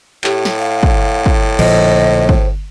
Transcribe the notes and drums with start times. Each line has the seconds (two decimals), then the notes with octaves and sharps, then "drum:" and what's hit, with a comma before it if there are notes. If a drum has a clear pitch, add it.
0.24 A2 G4, drum: clap
0.45 drum: snare
0.59 F5
0.83 drum: kick
1.26 drum: kick
1.59 A#1 D3 F3 C5 D#5, drum: cymbal
2.29 drum: kick